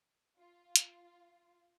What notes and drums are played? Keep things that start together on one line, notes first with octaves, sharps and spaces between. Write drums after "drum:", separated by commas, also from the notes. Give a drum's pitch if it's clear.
F4
drum: hi-hat